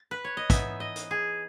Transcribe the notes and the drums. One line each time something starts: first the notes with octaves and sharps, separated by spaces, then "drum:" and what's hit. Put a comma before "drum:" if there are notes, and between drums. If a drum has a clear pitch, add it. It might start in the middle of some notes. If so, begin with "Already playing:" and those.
Already playing: A4
B4
C#5
D#5
E3 B3 D#4 E5, drum: kick, hi-hat
D#5
drum: hi-hat
G#4